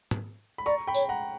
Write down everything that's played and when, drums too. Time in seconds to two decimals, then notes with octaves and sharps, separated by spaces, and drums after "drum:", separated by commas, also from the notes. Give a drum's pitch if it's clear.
0.11 drum: tom
0.58 B5
0.66 D5 A#5 C#6
0.87 G5 B5
0.95 C#5, drum: tambourine
1.09 F#5 A#5